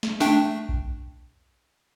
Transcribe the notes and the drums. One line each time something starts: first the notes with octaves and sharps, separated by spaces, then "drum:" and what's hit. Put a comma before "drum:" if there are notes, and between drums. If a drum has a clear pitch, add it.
drum: snare
A3 D4 G5, drum: snare
drum: kick A#1